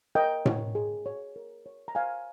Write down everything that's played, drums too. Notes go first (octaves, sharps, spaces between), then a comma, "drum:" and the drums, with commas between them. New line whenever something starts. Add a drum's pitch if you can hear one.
A#4 D#5 G5
C#5, drum: tom A2
G#4
C#5
A#4
C#5
A#5
C5 F5 G#5